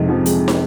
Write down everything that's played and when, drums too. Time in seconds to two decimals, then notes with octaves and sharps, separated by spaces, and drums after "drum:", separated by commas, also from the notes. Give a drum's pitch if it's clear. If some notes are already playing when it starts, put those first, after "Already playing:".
Already playing: F2 C3 G#3 D#4
0.09 F3
0.26 G#3, drum: hi-hat
0.48 drum: snare